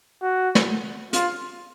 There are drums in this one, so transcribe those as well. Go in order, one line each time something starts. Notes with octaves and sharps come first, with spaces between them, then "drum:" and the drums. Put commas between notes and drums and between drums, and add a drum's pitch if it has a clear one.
F#4
drum: snare
F4, drum: hi-hat